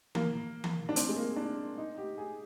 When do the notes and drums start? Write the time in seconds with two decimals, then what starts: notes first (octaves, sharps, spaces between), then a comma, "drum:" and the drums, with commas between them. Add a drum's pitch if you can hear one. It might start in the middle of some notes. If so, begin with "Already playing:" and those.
0.15 A#3, drum: tom E3
0.64 drum: tom E3
0.89 D4
0.96 C4, drum: hi-hat
1.09 G#3
1.16 A#3
1.36 D4
1.78 D#4
1.98 G4
2.18 G#4